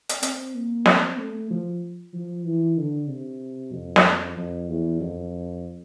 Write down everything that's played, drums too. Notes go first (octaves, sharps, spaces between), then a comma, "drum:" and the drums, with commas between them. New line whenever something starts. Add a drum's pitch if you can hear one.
drum: hi-hat
C4, drum: hi-hat
A#3
C4, drum: snare
A3
F3
F3
E3
D3
C3
F2
drum: snare
F2
E2
F2